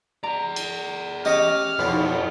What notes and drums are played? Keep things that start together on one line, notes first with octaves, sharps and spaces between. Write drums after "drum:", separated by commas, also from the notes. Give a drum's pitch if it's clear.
G#4 D5 A#5
drum: cymbal
C#4 G4 C#5 D#5 D6 F6
F2 B2 F3 B5, drum: cymbal